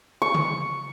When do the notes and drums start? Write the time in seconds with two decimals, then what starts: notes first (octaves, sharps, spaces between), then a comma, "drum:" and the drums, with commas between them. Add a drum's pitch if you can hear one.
0.22 C#6
0.34 drum: tom C#3